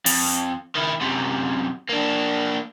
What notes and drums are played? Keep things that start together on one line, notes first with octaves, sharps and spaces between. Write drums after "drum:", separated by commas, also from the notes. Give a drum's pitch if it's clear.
F2, drum: open hi-hat
D#3 E4
F#2 C3
A#3 D4